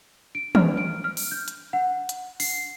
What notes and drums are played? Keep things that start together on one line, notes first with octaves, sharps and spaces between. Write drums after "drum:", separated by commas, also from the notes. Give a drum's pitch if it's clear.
D7
F6, drum: tom
D7
F6
drum: open hi-hat
G6
drum: hi-hat
F#5
drum: hi-hat
C7, drum: open hi-hat